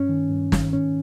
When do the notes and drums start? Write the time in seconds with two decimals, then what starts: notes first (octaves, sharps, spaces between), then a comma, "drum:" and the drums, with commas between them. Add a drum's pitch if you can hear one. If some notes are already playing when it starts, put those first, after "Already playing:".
Already playing: G2 C#4
0.09 D#3
0.30 G2
0.52 D#3, drum: snare
0.73 G#2 C#4